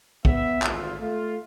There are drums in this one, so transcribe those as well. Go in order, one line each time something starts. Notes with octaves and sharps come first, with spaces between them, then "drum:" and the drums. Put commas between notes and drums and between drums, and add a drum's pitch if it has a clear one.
B3 E5, drum: kick
G#1 D2 F4, drum: clap
A3 F4